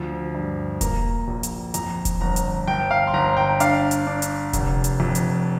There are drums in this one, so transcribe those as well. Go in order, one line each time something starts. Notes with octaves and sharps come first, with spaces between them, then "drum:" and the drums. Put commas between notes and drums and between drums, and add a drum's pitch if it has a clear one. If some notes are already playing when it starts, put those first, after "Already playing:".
Already playing: D2 F3
G2
A#3 A#5, drum: kick E1, hi-hat
A#1
drum: hi-hat
F2 A#5, drum: hi-hat
drum: kick E1, hi-hat
G1 A#5
drum: hi-hat
G1 G5
F5
C6
G1 A#5
G5
D4 F5, drum: hi-hat
drum: hi-hat
D4
drum: hi-hat
F1, drum: kick E1, hi-hat
drum: hi-hat
F2
drum: hi-hat